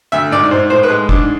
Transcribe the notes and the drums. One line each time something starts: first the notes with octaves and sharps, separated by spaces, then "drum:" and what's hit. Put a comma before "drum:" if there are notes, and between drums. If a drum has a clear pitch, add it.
D2 E5
G#2 D5
G#2 C5
A2 C5
B4
G#3
G#2 D4, drum: kick